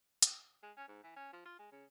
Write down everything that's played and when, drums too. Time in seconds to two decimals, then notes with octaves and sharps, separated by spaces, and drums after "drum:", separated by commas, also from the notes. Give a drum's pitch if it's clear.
0.22 drum: hi-hat
0.63 G#3
0.77 C#4
0.88 G#2
1.03 E3
1.16 C#4
1.33 F3
1.45 F4
1.59 G#3
1.72 C#3